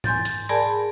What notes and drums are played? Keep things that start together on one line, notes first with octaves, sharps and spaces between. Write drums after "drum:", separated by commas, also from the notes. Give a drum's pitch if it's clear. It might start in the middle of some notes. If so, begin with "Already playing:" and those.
G#5 C6 G6 A6, drum: tom G#2
drum: hi-hat
G#4 A#4 D5 G#5 A5 B5